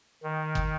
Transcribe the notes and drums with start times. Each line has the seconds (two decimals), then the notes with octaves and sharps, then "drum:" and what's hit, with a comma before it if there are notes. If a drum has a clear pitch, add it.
0.23 D#3
0.55 drum: kick